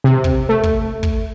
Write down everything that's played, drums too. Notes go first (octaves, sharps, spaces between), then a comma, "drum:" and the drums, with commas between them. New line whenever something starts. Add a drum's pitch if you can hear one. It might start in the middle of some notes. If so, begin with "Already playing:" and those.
C3
drum: kick
A3
drum: kick
drum: kick